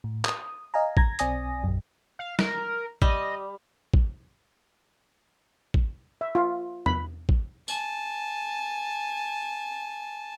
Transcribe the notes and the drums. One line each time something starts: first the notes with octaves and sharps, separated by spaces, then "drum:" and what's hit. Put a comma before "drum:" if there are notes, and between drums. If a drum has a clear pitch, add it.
A2
D#6, drum: clap
D#5 F5 G#5 A#5
A#5 G#6 A#6, drum: kick
B1 C4 D5 G#5 D#6 A#6, drum: hi-hat
A#1 F#2
F5
A#4, drum: snare
G3 D#5, drum: kick
drum: kick
drum: kick
E5
F4
B5, drum: tom E2
drum: kick
G#5 A5, drum: tambourine